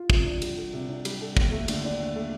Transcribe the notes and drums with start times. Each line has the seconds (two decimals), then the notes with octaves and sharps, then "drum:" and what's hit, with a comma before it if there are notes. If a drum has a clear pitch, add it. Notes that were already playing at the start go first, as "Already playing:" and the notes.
Already playing: F4
0.10 C3, drum: kick
0.26 D4
0.42 G3, drum: cymbal
0.57 A4
0.73 C3
0.89 D4
1.05 G3, drum: cymbal
1.21 A4
1.37 D#2, drum: kick
1.52 A3
1.68 D3, drum: cymbal
1.84 D4
1.99 D#2
2.16 A3